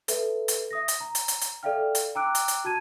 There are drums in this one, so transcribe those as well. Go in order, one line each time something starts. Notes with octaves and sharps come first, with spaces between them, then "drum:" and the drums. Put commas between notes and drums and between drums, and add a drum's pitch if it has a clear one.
A4 B4 E5, drum: hi-hat
drum: hi-hat
E5 D#6 A#6
drum: hi-hat
A#5
drum: hi-hat
drum: hi-hat
drum: hi-hat
A4 D5 E5 F5 G5 F6
drum: hi-hat
G5 A#5 D6 E6 F#6 D7
drum: hi-hat
drum: hi-hat
F#4 A5 G#6 D#7